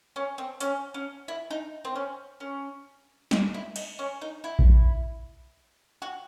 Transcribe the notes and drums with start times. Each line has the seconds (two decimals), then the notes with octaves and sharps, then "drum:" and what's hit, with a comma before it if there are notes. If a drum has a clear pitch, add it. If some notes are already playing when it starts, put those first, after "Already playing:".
0.16 C#4
0.38 C4
0.60 C#4, drum: hi-hat
0.94 C#4
1.28 E4
1.51 D#4
1.85 C4
1.95 C#4
2.40 C#4
3.31 D#4, drum: snare G3
3.54 E4
3.76 D#4, drum: cymbal
3.99 C#4
4.21 D#4
4.44 E4
4.59 drum: kick A#1
6.02 F#4